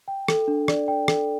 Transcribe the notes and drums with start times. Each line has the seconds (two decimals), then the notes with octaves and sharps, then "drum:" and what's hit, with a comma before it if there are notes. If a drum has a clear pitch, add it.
0.08 G5
0.28 A4, drum: rim click
0.48 D4
0.68 D5, drum: rim click
0.88 G5
1.08 A4, drum: rim click